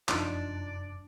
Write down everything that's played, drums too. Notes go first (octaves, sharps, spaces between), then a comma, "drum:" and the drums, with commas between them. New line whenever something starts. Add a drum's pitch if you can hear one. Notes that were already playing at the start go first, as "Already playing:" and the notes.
F1 F#2 F3 D4 D#4 D5 C6, drum: clap